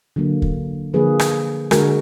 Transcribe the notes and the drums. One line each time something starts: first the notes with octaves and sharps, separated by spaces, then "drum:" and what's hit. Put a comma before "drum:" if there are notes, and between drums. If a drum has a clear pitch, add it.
D3 F#3 A#3
drum: kick
D3 F3 A#3 G#4 B4
drum: rim click
D3 G#3 F#4 A#4, drum: rim click